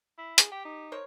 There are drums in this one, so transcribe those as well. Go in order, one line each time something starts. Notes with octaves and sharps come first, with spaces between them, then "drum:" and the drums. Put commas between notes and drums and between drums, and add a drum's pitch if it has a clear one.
E4
G#4, drum: hi-hat
G4 G5
D#4
A#4 C5 C#5